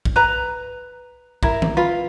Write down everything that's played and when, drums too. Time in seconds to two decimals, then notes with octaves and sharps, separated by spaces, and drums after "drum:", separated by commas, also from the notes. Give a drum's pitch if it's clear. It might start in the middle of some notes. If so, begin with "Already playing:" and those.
0.05 drum: kick B1
0.16 B4 A#5
1.43 E4 A#4, drum: kick B1
1.62 drum: tom D#3
1.77 F4 B4